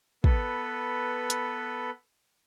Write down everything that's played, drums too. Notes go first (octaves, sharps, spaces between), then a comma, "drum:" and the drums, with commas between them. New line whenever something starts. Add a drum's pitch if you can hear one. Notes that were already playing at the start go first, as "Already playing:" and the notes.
B3 A4 B4, drum: kick
drum: hi-hat